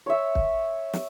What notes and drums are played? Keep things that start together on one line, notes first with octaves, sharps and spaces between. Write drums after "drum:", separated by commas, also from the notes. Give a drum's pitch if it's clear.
C#5 E5
drum: kick
drum: snare